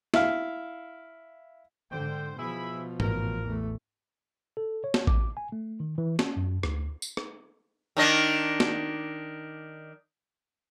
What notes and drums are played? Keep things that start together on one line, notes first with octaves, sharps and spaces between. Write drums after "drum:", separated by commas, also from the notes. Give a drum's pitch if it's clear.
E4 F5, drum: snare
G#2 D3 C5 G5
B2 F3 E4 G#4 B5
A1 A#4, drum: tom G#2
E2 A3
A4
C#5
drum: snare
D6, drum: kick A1
G#5
A3
D#3
E3
C#4, drum: snare
F#2
D2, drum: rim click
drum: tambourine
drum: rim click
D#3 D4 D#5
drum: snare